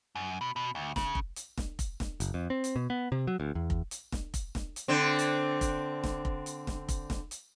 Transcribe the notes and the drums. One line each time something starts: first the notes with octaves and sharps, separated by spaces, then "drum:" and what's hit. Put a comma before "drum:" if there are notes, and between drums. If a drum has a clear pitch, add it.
F#2
B2
B2
D2
C#3, drum: snare E1
drum: kick F1
drum: hi-hat
drum: snare E1
drum: kick F1, hi-hat
drum: snare E1
F#1, drum: hi-hat
F2
C4
drum: hi-hat
B2
B3
C3
F#3
D2
E2
drum: kick F1
drum: hi-hat
drum: snare E1
drum: kick F1, hi-hat
drum: snare E1
drum: hi-hat
D3 C4
drum: hi-hat
drum: kick F1, hi-hat
drum: snare E1
drum: kick F1
drum: hi-hat
drum: snare E1
drum: kick F1, hi-hat
drum: snare E1
drum: hi-hat